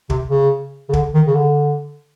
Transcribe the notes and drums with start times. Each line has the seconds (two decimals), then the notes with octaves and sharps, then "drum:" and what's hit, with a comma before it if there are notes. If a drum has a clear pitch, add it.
0.10 C3, drum: kick
0.30 C#3
0.89 C#3
0.93 D3, drum: kick
1.14 D#3
1.27 C#3
1.35 D3